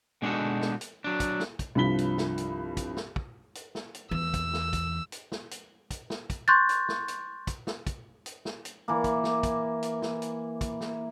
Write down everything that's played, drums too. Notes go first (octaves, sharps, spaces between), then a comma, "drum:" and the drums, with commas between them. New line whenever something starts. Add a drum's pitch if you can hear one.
B2 G#3 D4 D#4 F#4 A4
drum: snare
drum: hi-hat
F#3 D4
drum: kick, hi-hat
drum: snare
drum: kick, hi-hat
C2 G2 F3 B5 B6 G7
drum: hi-hat
drum: snare
drum: hi-hat
drum: kick, hi-hat
drum: snare
drum: kick
drum: hi-hat
drum: snare
drum: hi-hat
E2 E6
drum: kick, hi-hat
drum: snare
drum: kick, hi-hat
drum: hi-hat
drum: snare
drum: hi-hat
drum: kick, hi-hat
drum: snare
drum: kick, hi-hat
C6 C#6 F#6 G6 A6
drum: hi-hat
drum: snare
drum: hi-hat
drum: kick, hi-hat
drum: snare
drum: kick, hi-hat
drum: hi-hat
drum: snare
drum: hi-hat
E3 A#3
drum: kick, hi-hat
drum: snare
drum: kick, hi-hat
drum: hi-hat
drum: snare
drum: hi-hat
drum: kick, hi-hat
drum: snare